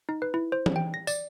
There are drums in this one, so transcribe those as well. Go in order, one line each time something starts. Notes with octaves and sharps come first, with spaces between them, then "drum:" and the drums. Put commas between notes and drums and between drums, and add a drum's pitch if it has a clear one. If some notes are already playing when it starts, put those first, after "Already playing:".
D#4
B4
E4
C5
drum: tom E3
G5
A#6
D5, drum: tambourine